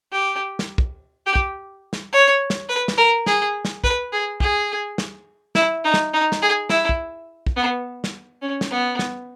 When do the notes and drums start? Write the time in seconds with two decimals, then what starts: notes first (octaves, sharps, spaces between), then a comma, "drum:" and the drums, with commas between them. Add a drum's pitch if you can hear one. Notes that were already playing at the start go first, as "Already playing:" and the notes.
0.12 G4
0.59 drum: snare
0.78 drum: kick
1.26 G4
1.35 drum: kick
1.93 drum: snare
2.12 C#5
2.50 drum: snare
2.69 B4
2.88 drum: snare
2.98 A#4
3.26 G#4, drum: snare
3.65 drum: snare
3.84 B4, drum: kick
4.12 G#4
4.40 G#4, drum: kick
4.98 drum: snare
5.55 E4, drum: snare
5.84 D#4
5.94 drum: snare
6.13 D#4
6.32 drum: snare
6.42 G#4
6.70 E4, drum: snare
6.89 drum: kick
7.47 drum: kick
7.56 B3
8.04 drum: snare
8.42 C#4
8.61 drum: snare
8.71 B3
8.99 drum: snare